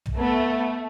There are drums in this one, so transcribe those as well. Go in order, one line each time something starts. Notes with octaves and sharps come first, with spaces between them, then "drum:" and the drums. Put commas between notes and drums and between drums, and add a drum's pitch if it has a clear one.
drum: tom
A3 B3